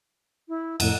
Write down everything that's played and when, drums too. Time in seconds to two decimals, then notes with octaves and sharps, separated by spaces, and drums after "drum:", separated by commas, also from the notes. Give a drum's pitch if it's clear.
0.49 E4
0.80 F2 A2 F#5, drum: cymbal